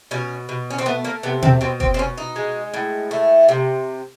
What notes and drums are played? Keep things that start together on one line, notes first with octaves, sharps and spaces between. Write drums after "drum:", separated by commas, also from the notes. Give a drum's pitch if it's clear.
B2 C#4
B2
C#4
C4
A3 B3
A#3
C3 B3
C4, drum: tom B2
B2 C4
C4, drum: kick F1
C4
B2 C#4
D#4
G#3
A2
A3
C3